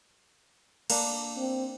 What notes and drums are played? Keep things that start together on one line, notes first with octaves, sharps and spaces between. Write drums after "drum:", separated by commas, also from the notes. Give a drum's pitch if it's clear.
A#3 D4, drum: cymbal
C4